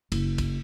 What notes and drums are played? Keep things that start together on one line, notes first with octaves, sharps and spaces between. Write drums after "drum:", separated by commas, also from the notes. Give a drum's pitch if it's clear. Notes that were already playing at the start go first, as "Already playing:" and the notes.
F#1, drum: cymbal
drum: kick, cymbal